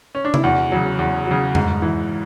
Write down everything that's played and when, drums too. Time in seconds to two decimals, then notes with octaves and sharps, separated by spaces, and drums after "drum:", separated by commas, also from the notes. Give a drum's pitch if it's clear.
0.15 C#4
0.25 D4
0.34 E4, drum: tom C3
0.43 E2 F#4
0.72 C#3 F#3
0.99 E2
1.26 C#3 F#3
1.55 G#2, drum: tom F2
1.82 E3